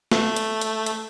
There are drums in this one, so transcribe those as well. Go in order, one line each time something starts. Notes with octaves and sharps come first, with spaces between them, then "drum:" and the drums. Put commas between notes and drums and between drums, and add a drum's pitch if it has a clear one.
A3, drum: snare
drum: hi-hat
drum: hi-hat
drum: hi-hat